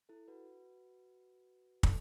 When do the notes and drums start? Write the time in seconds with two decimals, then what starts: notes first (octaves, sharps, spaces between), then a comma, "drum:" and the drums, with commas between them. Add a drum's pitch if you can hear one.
0.09 E4 A4
0.28 F#4 B4
1.83 A4 D5, drum: kick